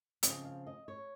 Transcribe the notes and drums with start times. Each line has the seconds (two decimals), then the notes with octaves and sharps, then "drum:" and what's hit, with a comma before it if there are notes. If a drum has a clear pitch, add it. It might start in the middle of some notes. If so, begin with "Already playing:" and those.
0.23 C#3 F3 C4 D#5, drum: hi-hat
0.45 F5
0.67 D#5
0.88 C#5